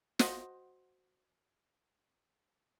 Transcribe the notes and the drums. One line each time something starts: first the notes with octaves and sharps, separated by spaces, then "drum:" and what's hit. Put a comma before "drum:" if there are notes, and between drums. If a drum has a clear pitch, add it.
F#4 C5 D#5 F#5, drum: snare